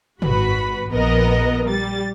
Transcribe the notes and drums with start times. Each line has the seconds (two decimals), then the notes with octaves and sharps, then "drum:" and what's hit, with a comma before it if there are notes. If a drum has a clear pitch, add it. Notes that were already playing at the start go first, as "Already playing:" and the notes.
0.22 G#1 F#4 B4 B5, drum: tom
0.90 A#1 B3 A#4 D#5
1.68 G3 A6